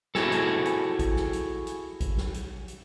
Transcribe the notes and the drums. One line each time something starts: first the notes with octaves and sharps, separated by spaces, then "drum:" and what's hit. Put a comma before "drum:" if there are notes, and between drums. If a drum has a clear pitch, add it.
E4 F#4 G#4 A4, drum: snare
drum: hi-hat
drum: hi-hat
drum: kick G#1, hi-hat
drum: snare
drum: hi-hat
drum: hi-hat
drum: kick G#1, hi-hat
drum: snare
drum: hi-hat
drum: hi-hat